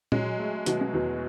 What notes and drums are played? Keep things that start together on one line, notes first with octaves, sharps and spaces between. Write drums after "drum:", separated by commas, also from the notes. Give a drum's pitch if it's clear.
F#3 G#3, drum: tom A#2
A3
B2 F#3, drum: hi-hat
G#3
E2 F#3